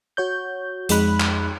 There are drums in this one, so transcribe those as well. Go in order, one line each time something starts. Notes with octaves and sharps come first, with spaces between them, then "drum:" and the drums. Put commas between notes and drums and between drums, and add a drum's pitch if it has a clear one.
F#4 C#5 G6
F2 G#3 D#4 B5 F#6, drum: hi-hat
drum: clap